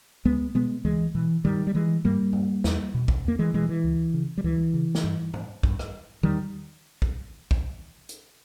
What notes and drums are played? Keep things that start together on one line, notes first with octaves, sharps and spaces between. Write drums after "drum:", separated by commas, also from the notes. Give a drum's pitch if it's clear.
C#2 G#3 B3
B2 G#3 B3
C#2 E3 G#3
B2 E3
G2 D#3 G3
G3
E3 G#3
G2 G3 A#3
drum: tom G2
E2, drum: snare
B2
drum: kick A#1
E2 A#3
E3 G#3
B2 E3 G#3
E3
C#2
C#3
G3
C#2 E3
C#3
drum: snare
G2
drum: tom G#2
G2, drum: kick A#1
drum: rim click
E2 D#3 G3
drum: kick A#1
drum: kick A#1
drum: hi-hat